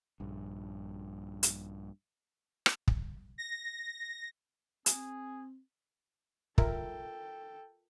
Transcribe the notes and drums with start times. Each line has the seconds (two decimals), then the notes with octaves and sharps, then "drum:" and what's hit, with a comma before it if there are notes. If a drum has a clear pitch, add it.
0.20 A#1 G2
1.43 drum: hi-hat
2.66 drum: rim click
2.88 drum: kick
3.38 A#6
4.86 C4 G#4, drum: hi-hat
6.58 F4 A4 A#4 E5 G5, drum: kick